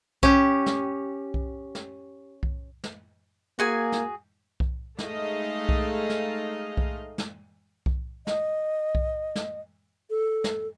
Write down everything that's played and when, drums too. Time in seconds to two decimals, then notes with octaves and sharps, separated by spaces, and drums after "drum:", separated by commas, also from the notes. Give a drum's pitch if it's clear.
0.23 C#4 G4, drum: kick B1
0.66 drum: snare
1.34 drum: kick B1
1.75 drum: snare
2.43 drum: kick B1
2.84 drum: snare
3.59 A#3 F#4 G#4 G#5
3.92 drum: snare
4.60 drum: kick B1
4.99 G#3 A3 D#4 G#4 D#5 F5, drum: snare
5.69 drum: kick B1
6.10 drum: snare
6.77 drum: kick B1
7.18 drum: snare
7.86 drum: kick B1
8.27 D#5, drum: snare
8.95 drum: kick B1
9.35 drum: snare
10.10 A4
10.44 drum: snare